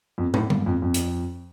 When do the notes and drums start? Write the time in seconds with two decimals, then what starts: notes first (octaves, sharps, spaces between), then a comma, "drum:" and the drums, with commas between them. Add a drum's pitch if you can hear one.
0.18 F2
0.34 A2, drum: tom
0.50 G2, drum: tom D3
0.61 G2
0.66 F2
0.82 F2
0.94 drum: hi-hat